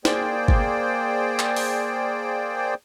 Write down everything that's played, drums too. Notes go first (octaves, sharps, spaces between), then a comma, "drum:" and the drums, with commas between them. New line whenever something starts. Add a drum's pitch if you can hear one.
A#3 G#4 C5 D5 G5, drum: snare
drum: kick
drum: clap
drum: open hi-hat